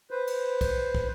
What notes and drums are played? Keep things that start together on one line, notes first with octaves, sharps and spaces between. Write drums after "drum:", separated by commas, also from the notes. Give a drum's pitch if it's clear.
B4 C5
drum: cymbal
drum: kick, cymbal
drum: kick